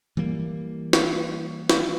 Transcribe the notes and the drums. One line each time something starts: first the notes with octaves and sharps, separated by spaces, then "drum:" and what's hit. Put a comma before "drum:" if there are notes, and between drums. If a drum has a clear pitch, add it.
E3 G3 A#3
drum: snare
drum: snare